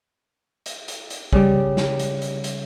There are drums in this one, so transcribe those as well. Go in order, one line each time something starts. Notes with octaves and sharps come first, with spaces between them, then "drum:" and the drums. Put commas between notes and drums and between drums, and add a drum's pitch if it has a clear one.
drum: hi-hat
drum: hi-hat
drum: hi-hat
C#3 G3 G4, drum: kick
drum: snare
drum: hi-hat
drum: hi-hat
drum: hi-hat